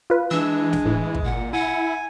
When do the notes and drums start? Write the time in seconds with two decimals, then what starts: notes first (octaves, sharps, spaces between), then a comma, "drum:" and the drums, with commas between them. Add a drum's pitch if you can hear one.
0.10 F4 B4
0.31 E3 G#3 D4 E6
0.73 drum: snare
0.85 A2 E3
1.15 drum: kick
1.25 A#2 F#5
1.53 E4 F#5 G#5